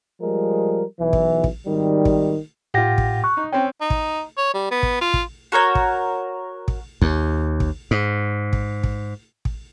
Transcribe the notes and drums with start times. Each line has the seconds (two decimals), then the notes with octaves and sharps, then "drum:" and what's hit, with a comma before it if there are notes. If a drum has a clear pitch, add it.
0.21 F3 G3 G#3 A#4
1.00 B1 E3
1.13 drum: kick
1.44 drum: kick
1.66 G#1 D#3 G3
2.05 drum: kick
2.74 A2 F4 G4 F#5 A#6
2.98 drum: kick
3.24 C#6 F#6
3.37 D#4
3.52 C4 C#4 G5
3.81 D#4
3.90 drum: kick
4.38 C#5
4.54 G3
4.71 B3
4.83 drum: kick
5.01 F4
5.14 drum: kick
5.52 F#4 A#4 C#5 G6
5.75 drum: kick
6.68 drum: kick
7.02 D#2, drum: kick
7.60 drum: kick
7.91 G#2
8.53 drum: kick
8.83 drum: kick
9.45 drum: kick